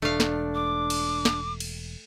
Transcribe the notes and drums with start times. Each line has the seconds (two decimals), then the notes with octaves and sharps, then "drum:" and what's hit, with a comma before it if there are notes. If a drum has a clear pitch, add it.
0.02 E1 A3 D4 F5
0.20 drum: snare
0.55 D6
0.90 drum: cymbal
1.25 drum: snare
1.60 drum: cymbal